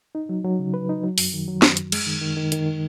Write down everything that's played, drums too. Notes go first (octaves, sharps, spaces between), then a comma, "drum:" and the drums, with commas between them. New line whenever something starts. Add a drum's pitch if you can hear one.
D#4
F#3
F#3
C#3
B4
D#4
F#3
F#2, drum: open hi-hat
D#3
F#3
F#2, drum: snare
F#2, drum: hi-hat
G#3, drum: cymbal
D#3
D#3
D#3
D#3, drum: hi-hat
D#3